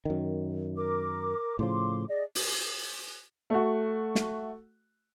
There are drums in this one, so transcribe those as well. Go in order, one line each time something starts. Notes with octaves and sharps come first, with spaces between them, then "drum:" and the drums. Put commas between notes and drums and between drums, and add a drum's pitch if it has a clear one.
F#2 D#3
A#4 D6
A2 C#3 F3 C6 D6
G#4 D5 D#5
drum: open hi-hat
A3 F#4
drum: snare